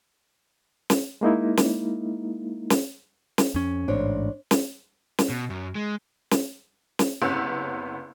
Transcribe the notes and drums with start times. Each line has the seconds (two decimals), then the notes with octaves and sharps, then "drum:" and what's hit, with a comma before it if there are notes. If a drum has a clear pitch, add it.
0.90 drum: snare
1.21 G#3 A#3 D#4 E4
1.57 drum: snare
2.70 drum: snare
3.38 drum: snare
3.55 F2 C#4
3.88 A1 G#2 D4 C5 C#5
4.51 drum: snare
5.19 drum: snare
5.29 B2
5.50 F#2
5.75 G#3
6.31 drum: snare
6.99 drum: snare
7.22 F#1 C3 B3 C#4 E6